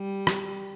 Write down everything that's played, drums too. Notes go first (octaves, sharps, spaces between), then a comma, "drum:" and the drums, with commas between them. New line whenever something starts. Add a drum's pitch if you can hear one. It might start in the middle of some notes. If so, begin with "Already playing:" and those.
Already playing: G3
drum: rim click